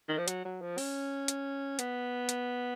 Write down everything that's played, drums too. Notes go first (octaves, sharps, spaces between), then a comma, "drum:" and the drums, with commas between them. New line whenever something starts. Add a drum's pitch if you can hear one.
D#3
F3
F#3, drum: hi-hat
F#3
F3
C#4, drum: open hi-hat
drum: hi-hat
B3, drum: hi-hat
drum: hi-hat